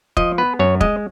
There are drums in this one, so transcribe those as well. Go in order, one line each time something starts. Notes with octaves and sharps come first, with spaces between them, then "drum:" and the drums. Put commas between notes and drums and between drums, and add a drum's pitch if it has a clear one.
F3 D#5, drum: kick
B3 B4
F#2 C#5
G#3 D#5, drum: kick